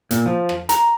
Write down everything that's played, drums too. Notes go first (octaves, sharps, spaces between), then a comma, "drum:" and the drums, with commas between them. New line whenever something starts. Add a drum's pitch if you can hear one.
A#2, drum: hi-hat
F3
drum: rim click
A#5, drum: hi-hat